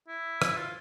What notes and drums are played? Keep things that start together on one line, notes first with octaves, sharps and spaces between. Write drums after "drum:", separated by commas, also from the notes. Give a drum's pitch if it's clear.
E4
drum: rim click
F4